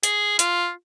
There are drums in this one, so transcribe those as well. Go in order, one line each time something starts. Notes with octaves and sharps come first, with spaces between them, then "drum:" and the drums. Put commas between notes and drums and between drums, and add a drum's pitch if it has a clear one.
G#4, drum: hi-hat
F4, drum: hi-hat